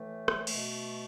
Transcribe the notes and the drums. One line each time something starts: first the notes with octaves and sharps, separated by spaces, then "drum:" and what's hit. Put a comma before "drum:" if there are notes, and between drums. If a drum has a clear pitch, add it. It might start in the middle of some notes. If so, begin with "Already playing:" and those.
Already playing: A2 E3 A3
drum: rim click
B2 A3, drum: cymbal